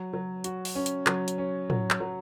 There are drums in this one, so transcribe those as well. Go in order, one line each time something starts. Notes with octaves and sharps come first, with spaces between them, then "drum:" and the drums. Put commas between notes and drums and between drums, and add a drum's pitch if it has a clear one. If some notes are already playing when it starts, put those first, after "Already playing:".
Already playing: F#3
F#3
F#4, drum: hi-hat
drum: open hi-hat
C#4
drum: hi-hat
F#3, drum: clap
drum: hi-hat
C#4
F#3, drum: tom A2
drum: clap
F#3